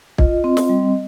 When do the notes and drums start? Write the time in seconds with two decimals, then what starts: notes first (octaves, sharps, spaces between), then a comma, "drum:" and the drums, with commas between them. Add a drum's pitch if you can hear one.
0.18 F4 D#5, drum: kick
0.44 C4
0.57 drum: snare
0.69 G3